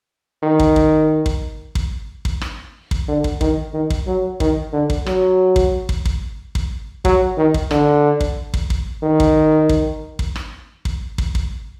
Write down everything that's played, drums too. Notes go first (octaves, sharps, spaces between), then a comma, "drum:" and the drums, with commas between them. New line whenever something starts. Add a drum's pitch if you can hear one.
D#3
drum: kick
drum: kick
drum: kick
drum: kick
drum: kick
drum: rim click
drum: kick
D3
drum: kick
D#3, drum: kick
D#3
drum: kick
F#3
D#3, drum: kick
D3
drum: kick
F#3, drum: rim click
drum: kick
drum: kick
drum: kick
drum: kick
F#3, drum: kick
D#3
drum: kick
D3, drum: rim click
drum: kick
drum: kick
drum: kick
D#3
drum: kick
drum: kick
drum: kick
drum: rim click
drum: kick
drum: kick
drum: kick